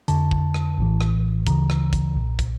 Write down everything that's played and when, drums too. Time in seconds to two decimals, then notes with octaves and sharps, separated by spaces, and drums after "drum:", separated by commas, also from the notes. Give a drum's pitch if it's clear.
0.08 F2 D3 A5, drum: hi-hat
0.31 drum: kick
0.54 drum: rim click
0.78 A#1 A2 E3
1.01 drum: rim click
1.47 D2 C#3 E3 A#5, drum: kick, hi-hat
1.70 drum: rim click
1.93 drum: kick, hi-hat
2.15 B1 A#2
2.39 drum: kick, hi-hat